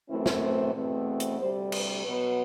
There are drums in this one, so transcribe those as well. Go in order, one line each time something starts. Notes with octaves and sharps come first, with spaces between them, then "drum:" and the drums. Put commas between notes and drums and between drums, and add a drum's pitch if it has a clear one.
F#2 E3 A3 C4 E4
drum: snare
C5
E2 B2 A3 C4
drum: hi-hat
D2 C3 G3 C5
B4, drum: cymbal
B2 F#3 B3 B4